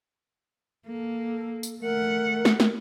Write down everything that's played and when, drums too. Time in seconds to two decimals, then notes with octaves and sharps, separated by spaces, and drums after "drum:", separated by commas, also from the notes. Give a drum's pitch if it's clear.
0.87 A#3 A4
1.63 drum: tambourine
1.82 A3 A#4 F#5
2.45 drum: snare
2.60 drum: snare